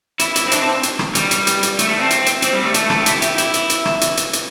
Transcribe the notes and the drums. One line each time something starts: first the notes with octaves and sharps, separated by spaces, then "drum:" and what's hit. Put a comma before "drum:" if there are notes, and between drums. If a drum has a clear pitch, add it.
E4, drum: hi-hat
E4, drum: hi-hat
C4
D4, drum: hi-hat
C4
drum: hi-hat
drum: rim click
G3, drum: hi-hat
drum: hi-hat
drum: hi-hat
drum: hi-hat
A3, drum: hi-hat
A3
C4
drum: hi-hat
drum: hi-hat
C4, drum: hi-hat
G3
A3
A3, drum: hi-hat
A3, drum: rim click
G4
E4, drum: hi-hat
G4, drum: hi-hat
E4, drum: hi-hat
drum: hi-hat
drum: hi-hat
drum: rim click
drum: hi-hat
drum: hi-hat
drum: hi-hat